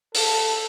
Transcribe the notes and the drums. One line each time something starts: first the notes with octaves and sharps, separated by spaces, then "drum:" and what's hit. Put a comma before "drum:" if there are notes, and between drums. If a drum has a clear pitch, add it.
A4, drum: open hi-hat